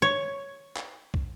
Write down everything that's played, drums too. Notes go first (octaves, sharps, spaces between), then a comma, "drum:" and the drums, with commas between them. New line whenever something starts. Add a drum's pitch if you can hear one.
C#5
drum: clap
drum: kick